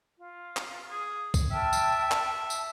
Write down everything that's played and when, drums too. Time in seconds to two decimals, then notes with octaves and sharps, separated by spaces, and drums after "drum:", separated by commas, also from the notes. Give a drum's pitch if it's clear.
0.18 F4
0.57 drum: clap
0.91 G#4
1.34 drum: kick, tambourine
1.51 E5 G5 A5 F6
1.73 drum: tambourine
2.11 drum: clap
2.50 drum: tambourine